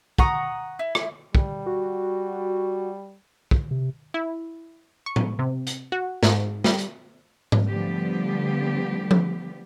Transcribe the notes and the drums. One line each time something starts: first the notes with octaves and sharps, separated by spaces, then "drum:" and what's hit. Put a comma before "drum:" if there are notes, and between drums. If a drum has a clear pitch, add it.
F#5 A#5 C#6 D#6, drum: kick
E4
drum: rim click
G3, drum: kick
F#4
drum: kick
C3
E4
C#6
drum: tom A2
C3
drum: hi-hat
F#4
G#2, drum: snare
G3, drum: snare
drum: hi-hat
drum: tom G#2
D3 F3 G3 A3 B3 G4
drum: tom F3